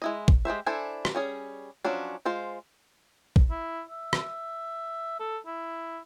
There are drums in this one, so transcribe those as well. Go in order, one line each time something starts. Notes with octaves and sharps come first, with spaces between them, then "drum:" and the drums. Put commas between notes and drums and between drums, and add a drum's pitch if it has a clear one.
G#3 E4 D#5
drum: kick
G#3 G4 C5 E5
D4 E4 A4 C5 G#5
drum: rim click
G3 C#4 G#4
F3 F#3 C#4 D4
G#3 F4 C5
drum: kick
E4
E5
drum: rim click
A4
E4